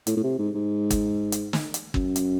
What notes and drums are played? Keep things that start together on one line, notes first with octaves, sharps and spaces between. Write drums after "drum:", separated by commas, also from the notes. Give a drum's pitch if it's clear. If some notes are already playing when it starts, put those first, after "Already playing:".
A2, drum: hi-hat
A2
C3
G#2
G#2
drum: kick, hi-hat
drum: hi-hat
drum: snare
drum: hi-hat
F#2, drum: kick
drum: hi-hat